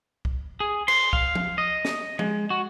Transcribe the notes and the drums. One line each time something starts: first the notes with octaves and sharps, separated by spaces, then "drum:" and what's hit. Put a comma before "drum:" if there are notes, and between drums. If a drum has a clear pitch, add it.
drum: kick C2
G#4
C6, drum: cymbal
F5, drum: kick C2
drum: tom F3
D#5
drum: snare
G#3, drum: tom F3
F#4